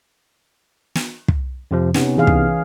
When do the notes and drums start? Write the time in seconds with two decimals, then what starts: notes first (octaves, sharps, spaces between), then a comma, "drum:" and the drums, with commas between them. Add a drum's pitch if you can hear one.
0.95 drum: snare
1.28 drum: kick
1.71 F2 C3 F3
1.94 C3 B3 C#4 D#4, drum: snare
2.17 E3 G#4 F5
2.27 drum: kick